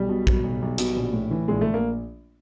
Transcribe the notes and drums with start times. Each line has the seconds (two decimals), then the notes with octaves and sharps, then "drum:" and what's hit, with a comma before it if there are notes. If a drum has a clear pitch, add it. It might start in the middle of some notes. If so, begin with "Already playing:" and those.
Already playing: B1 G3
0.09 B2
0.27 F#3, drum: kick
0.44 B1
0.62 B1
0.78 B2, drum: hi-hat
0.96 A#1
1.13 A2
1.31 E3
1.48 A#1 G#3
1.61 A#1 A3
1.74 A#3